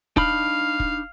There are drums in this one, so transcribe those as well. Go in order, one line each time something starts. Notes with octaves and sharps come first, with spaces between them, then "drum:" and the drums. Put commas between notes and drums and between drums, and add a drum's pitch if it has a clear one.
D4 D#4 F5 B5, drum: kick
drum: kick